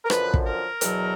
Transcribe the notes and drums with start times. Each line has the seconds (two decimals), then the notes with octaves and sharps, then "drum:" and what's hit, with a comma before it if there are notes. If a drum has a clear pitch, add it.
0.05 A#4
0.10 F#2 D3 F3 B4, drum: rim click
0.34 drum: kick
0.46 A#4
0.81 E2 B2 F#3, drum: hi-hat